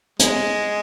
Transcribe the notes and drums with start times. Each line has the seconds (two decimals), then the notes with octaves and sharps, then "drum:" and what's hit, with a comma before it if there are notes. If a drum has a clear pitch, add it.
0.19 G#3, drum: hi-hat